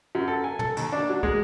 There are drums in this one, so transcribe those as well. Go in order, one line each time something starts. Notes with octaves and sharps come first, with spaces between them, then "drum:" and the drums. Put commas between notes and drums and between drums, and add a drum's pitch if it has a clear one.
F#2
A4
G#5
A4, drum: tom
D#2, drum: cymbal
D4
F#3
G#3, drum: kick